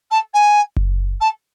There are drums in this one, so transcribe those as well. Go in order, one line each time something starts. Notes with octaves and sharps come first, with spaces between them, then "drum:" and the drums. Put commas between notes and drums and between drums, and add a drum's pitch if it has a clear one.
A5
G#5
drum: kick F#1
A5